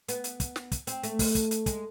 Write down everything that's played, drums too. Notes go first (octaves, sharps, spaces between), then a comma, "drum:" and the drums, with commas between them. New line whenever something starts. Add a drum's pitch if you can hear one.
B3, drum: hi-hat
drum: hi-hat
drum: kick, hi-hat
drum: snare
drum: kick, hi-hat
C4, drum: hi-hat
A3, drum: hi-hat
drum: kick, open hi-hat
drum: kick, hi-hat
drum: hi-hat
G#3, drum: kick, hi-hat